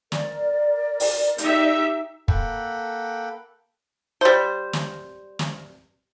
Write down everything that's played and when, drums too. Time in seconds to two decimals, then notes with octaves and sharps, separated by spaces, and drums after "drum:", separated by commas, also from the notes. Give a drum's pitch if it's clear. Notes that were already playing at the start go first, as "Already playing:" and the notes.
0.12 A#4 D5, drum: snare
1.00 drum: open hi-hat
1.38 D#4 G4 E5, drum: hi-hat
2.28 A#3 A4 F#5 G5 B5, drum: kick
4.21 G3 C5
4.73 drum: snare
5.39 drum: snare